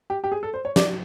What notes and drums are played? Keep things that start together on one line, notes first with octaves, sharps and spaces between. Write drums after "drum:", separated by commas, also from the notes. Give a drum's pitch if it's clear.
G4
G4
G#4
A4
C5
C#5
D5, drum: snare